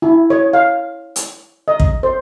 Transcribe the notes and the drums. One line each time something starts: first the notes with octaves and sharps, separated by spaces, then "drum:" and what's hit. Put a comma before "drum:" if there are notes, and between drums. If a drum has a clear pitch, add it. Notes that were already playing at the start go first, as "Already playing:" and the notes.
E4
C#5
F5
drum: hi-hat
D#5
drum: kick
C5